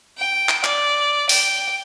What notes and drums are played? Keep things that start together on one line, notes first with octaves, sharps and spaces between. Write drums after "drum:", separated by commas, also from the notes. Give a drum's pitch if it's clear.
G5
drum: clap
D5, drum: clap
G5, drum: open hi-hat